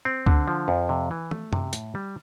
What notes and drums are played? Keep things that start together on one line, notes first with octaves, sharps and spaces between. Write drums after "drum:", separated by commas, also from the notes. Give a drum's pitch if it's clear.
C4
D3, drum: kick C#2
F3
F2
C3
E3
A3, drum: tom
C3, drum: tom F#2
A2, drum: hi-hat
G3